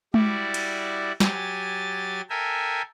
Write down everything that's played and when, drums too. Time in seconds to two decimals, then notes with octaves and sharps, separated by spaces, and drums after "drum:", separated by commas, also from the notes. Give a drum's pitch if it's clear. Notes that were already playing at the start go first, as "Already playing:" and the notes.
0.14 G3 E4 F#4 D5, drum: tom G#3
0.54 drum: cymbal
1.20 F#3 G4 G#5 A6, drum: snare
2.30 A4 A#4 E5 G5 G#5